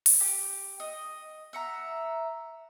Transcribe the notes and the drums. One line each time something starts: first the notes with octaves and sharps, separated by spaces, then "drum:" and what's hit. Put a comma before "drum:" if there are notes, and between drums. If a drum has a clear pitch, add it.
drum: open hi-hat
G4
D#5
E5 F#5 A#5